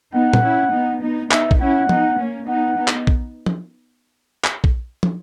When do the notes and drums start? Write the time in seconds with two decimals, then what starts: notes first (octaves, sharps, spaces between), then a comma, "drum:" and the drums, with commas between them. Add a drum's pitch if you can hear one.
0.14 B3 D#4 F#5
0.33 drum: tom A#2
0.43 C#4 E4
0.73 B3 D#4
1.02 B3 D#4
1.31 B3 D#4 E5, drum: clap
1.51 drum: kick
1.61 C#4 E4 F#5
1.89 B3 D#4, drum: tom
2.19 A#3 C#4
2.48 B3 D#4 F#5
2.77 B3 D#4
2.88 drum: clap
3.07 drum: kick
3.46 drum: tom
4.44 drum: clap
4.64 drum: kick
5.03 drum: tom